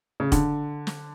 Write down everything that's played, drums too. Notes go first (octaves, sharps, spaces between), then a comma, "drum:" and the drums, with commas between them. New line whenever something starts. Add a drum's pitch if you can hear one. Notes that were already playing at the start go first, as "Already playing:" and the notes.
C#3
D3, drum: kick, hi-hat
drum: snare